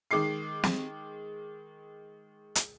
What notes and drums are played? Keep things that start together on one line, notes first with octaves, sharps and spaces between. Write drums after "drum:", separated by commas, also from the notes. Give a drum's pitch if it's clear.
D#3 G#3 D6 C7
drum: snare
drum: hi-hat